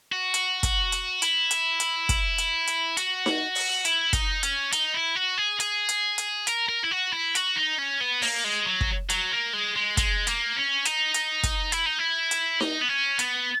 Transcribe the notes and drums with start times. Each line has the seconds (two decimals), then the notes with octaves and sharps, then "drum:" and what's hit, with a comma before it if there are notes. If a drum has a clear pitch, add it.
0.12 F#4
0.34 drum: hi-hat
0.63 drum: kick, hi-hat
0.92 drum: hi-hat
1.22 E4, drum: hi-hat
1.51 drum: hi-hat
1.80 drum: hi-hat
2.09 drum: kick, hi-hat
2.38 drum: hi-hat
2.67 drum: hi-hat
2.97 F#4, drum: hi-hat
3.26 drum: snare D#4
3.55 drum: open hi-hat
3.85 E4, drum: hi-hat
4.13 D#4, drum: kick, hi-hat
4.43 C#4, drum: hi-hat
4.72 D#4, drum: hi-hat
4.94 E4
5.15 F#4
5.38 G#4
5.60 G#4, drum: hi-hat
5.89 drum: hi-hat
6.18 drum: hi-hat
6.47 A#4, drum: hi-hat
6.69 A#4
6.84 E4
6.91 F#4
7.13 E4
7.35 F#4, drum: hi-hat
7.56 D#4
7.78 C#4
8.01 B3
8.22 A#3, drum: open hi-hat
8.44 G#3
8.66 F#3
8.81 drum: kick
9.10 F#3, drum: hi-hat
9.32 A#3
9.53 G#3
9.76 G#3
9.97 G#3, drum: kick, hi-hat
10.27 A#3, drum: hi-hat
10.56 C#4
10.85 D#4, drum: hi-hat
11.14 drum: hi-hat
11.43 drum: kick, hi-hat
11.72 E4, drum: hi-hat
11.86 D#4
11.99 E4
12.31 drum: hi-hat
12.60 D#4, drum: snare D#4
12.81 B3
12.89 C#4
13.19 B3, drum: hi-hat